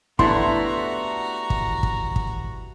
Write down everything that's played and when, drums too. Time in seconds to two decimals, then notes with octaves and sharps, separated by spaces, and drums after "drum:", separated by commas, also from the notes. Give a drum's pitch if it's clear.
0.19 A3 B3 D4 E4 F#4 G4 A#5 C6, drum: kick
1.50 drum: kick
1.83 drum: kick
2.16 drum: kick